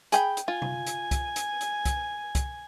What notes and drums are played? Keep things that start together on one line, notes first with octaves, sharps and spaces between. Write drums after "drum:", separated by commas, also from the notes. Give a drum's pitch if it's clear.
G#4 G5 B5, drum: hi-hat
drum: hi-hat
F4 G#5
drum: tom C3
drum: hi-hat
drum: kick, hi-hat
drum: hi-hat
drum: hi-hat
drum: kick, hi-hat
drum: kick, hi-hat